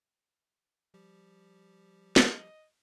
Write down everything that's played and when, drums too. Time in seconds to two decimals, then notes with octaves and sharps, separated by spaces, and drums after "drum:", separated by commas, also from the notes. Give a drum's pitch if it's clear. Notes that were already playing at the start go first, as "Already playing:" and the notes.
0.94 F3 G3 G4
2.16 drum: snare
2.29 D#5